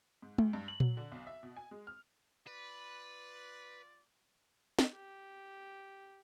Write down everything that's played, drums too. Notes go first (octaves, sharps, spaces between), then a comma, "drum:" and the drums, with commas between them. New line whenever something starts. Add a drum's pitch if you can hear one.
G#2
D2, drum: tom G#3
G2
F#7
F#3, drum: tom A#2
D3
B1
E5
B2
G#5
G#3
F6
F4 B4 D5
drum: snare
G4